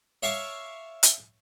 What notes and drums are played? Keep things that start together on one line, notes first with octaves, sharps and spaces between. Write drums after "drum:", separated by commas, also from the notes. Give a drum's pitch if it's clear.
C#5 E5 F5 A5 C#6 D6
drum: hi-hat